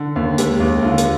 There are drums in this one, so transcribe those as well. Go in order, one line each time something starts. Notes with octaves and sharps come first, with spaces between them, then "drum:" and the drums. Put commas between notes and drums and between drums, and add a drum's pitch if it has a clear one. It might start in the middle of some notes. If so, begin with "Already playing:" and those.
Already playing: D3
D#2
G#3 G4, drum: hi-hat
D#2
D3 F4
drum: hi-hat